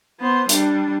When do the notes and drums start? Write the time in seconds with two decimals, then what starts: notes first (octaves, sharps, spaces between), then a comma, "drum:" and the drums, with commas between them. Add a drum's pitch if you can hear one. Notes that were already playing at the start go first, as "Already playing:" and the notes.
0.20 B3 C5
0.49 G3 D4, drum: hi-hat